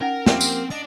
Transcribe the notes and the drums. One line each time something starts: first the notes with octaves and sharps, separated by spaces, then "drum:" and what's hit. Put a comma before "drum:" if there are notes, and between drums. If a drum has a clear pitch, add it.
C#4 D#4 A#4 F#5
F3 A#3 C4 G4 G#5, drum: snare
drum: tambourine
D4 D#5 A#5